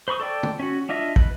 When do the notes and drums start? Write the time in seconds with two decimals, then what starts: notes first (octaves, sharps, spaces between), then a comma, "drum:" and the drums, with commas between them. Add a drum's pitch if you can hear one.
0.08 C5 B5 C#6 D#6
0.20 A4 D5 G5
0.43 drum: tom
0.59 C#4 F#4
0.89 D4 F4 D#5 E5
1.16 B4, drum: kick